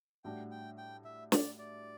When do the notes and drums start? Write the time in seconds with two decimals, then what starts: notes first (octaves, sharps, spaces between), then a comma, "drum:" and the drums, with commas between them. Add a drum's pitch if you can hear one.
0.24 A2 G3 D4 F#4 G5
0.51 G5
0.78 G5
1.05 E5
1.32 D5, drum: snare
1.59 D5